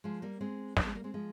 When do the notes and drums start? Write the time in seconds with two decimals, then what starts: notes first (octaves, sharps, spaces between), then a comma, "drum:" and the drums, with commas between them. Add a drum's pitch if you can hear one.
0.04 F3 G#3
0.22 G3 A#3
0.41 G#3 C4
0.77 A#3 D4, drum: snare
0.86 G#3 C4
0.95 G3 A#3
1.04 G#3 C4
1.14 F3 G#3